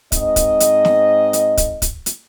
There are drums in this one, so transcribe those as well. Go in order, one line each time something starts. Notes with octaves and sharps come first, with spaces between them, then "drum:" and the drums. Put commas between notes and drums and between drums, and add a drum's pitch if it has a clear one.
G#2 C4 D#5, drum: kick, hi-hat
drum: kick, hi-hat
drum: hi-hat
drum: snare
drum: hi-hat
drum: kick, hi-hat
drum: kick, hi-hat
drum: hi-hat